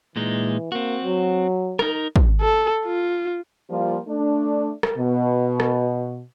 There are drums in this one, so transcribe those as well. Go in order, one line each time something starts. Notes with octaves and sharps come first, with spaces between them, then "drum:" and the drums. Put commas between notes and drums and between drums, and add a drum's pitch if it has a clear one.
A#2 E3 G#3 D#4
A#3 C4 F#4
F#3
D#4 A#4, drum: rim click
drum: kick
A4
F4
F3 G3 A#3 F4
A3 D4
drum: rim click
B2
drum: rim click